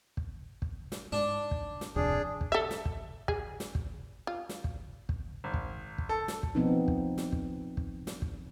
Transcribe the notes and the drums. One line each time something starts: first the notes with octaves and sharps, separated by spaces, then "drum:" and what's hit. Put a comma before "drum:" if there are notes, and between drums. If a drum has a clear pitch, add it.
drum: kick
drum: kick
drum: snare
G#2 D4
drum: kick
drum: snare
D1 F2 C3 D4 G#4, drum: kick
drum: kick
A4 E5
drum: snare
drum: kick
G#4, drum: kick
drum: snare
drum: kick
F4
drum: snare
drum: kick
drum: kick
G#1
drum: kick
drum: kick
A4
drum: snare
drum: kick
B2 F3 B3 C4 D#4
drum: kick
drum: snare
drum: kick
drum: kick
drum: snare
drum: kick